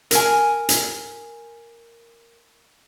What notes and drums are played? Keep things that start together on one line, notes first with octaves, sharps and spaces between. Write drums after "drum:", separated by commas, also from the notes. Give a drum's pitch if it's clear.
A#4 G#5, drum: hi-hat
drum: hi-hat